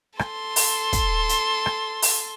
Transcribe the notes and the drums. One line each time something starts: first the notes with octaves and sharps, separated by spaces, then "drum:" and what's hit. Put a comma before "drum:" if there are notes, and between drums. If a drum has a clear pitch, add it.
A4 C6, drum: rim click
drum: open hi-hat
drum: kick, hi-hat
drum: hi-hat
drum: rim click
drum: open hi-hat